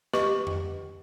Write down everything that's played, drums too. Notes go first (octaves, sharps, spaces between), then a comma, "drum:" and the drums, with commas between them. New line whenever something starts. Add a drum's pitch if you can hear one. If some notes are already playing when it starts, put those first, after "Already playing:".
G4 B4 D#5 C#6 D6, drum: snare
drum: tom F2